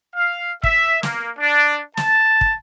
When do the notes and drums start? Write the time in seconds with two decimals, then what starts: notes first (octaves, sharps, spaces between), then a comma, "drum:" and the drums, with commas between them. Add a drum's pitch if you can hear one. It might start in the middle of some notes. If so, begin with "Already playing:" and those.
0.15 F5
0.64 E5, drum: kick
1.03 A#3, drum: snare
1.39 D4
1.97 A5, drum: snare
2.41 drum: kick